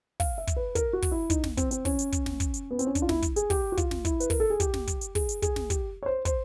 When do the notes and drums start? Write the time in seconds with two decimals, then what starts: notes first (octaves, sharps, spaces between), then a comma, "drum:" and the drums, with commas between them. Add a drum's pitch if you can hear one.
0.20 F5, drum: kick, open hi-hat
0.38 E5
0.47 drum: kick, hi-hat
0.56 B4
0.75 A#4, drum: kick, hi-hat
0.93 F#4
1.02 drum: kick, open hi-hat
1.12 E4
1.30 D#4, drum: kick, hi-hat
1.44 drum: snare
1.57 C4, drum: kick, hi-hat
1.71 C4, drum: hi-hat
1.85 C#4, drum: kick, open hi-hat
1.99 drum: hi-hat
2.12 drum: kick, hi-hat
2.26 drum: snare
2.40 drum: kick, hi-hat
2.54 drum: hi-hat
2.71 B3
2.79 C4, drum: hi-hat
2.86 C#4
2.95 D4, drum: kick, hi-hat
3.02 F4
3.09 E4, drum: snare
3.22 drum: kick, hi-hat
3.36 G#4, drum: hi-hat
3.50 G4, drum: kick, open hi-hat
3.72 F#4
3.77 F4, drum: kick, hi-hat
3.91 drum: snare
4.05 E4, drum: kick, hi-hat
4.20 B4, drum: hi-hat
4.30 A#4, drum: kick, open hi-hat
4.40 A4
4.50 G#4
4.60 G4, drum: kick, hi-hat
4.74 drum: snare
4.87 drum: kick, hi-hat
5.01 drum: hi-hat
5.15 G#4, drum: kick, open hi-hat
5.29 drum: hi-hat
5.42 G#4, drum: kick, hi-hat
5.56 drum: snare
5.70 G4, drum: kick, hi-hat
6.03 C#5
6.06 C5
6.25 C5, drum: kick, hi-hat